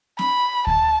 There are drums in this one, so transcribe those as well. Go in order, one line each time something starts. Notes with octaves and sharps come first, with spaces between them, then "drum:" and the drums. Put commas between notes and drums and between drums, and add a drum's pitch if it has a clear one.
B5, drum: snare C4
A5, drum: kick D2